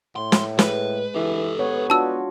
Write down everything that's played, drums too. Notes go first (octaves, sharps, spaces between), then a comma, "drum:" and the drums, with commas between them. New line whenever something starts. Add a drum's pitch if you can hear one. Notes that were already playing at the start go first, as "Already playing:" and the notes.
A2 C6
drum: snare
G#3 B4, drum: snare
E3 G4 A4
B3 C#5
D4 F4 F#4 A5 E6